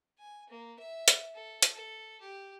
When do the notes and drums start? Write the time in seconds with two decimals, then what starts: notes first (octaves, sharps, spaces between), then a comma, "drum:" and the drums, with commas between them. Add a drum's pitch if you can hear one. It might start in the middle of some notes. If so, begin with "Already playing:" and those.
0.19 G#5
0.49 A#3
0.79 E5
1.08 drum: hi-hat
1.35 A4
1.62 drum: hi-hat
1.74 A4
2.21 G4